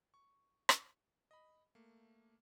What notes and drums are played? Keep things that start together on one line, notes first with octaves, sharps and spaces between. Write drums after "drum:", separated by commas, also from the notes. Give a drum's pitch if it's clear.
C#6
drum: rim click
D#5 B5
A3 A#3